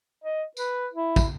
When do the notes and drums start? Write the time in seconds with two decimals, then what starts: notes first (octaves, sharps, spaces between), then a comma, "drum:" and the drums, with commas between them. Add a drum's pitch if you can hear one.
0.24 D#5
0.57 B4, drum: tambourine
0.94 E4
1.16 drum: kick, tambourine